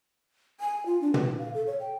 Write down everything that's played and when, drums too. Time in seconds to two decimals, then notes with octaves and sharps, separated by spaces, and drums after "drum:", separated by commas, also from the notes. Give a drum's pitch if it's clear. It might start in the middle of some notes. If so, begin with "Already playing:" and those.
0.60 G#5
0.86 F4
1.01 D4
1.14 B4, drum: tom
1.38 F5
1.54 A4
1.67 C#5
1.80 G5